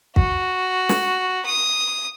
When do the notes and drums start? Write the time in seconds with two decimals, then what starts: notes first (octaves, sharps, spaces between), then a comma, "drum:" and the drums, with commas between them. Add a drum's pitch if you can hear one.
0.16 F#4, drum: kick
0.89 drum: snare
1.46 D#6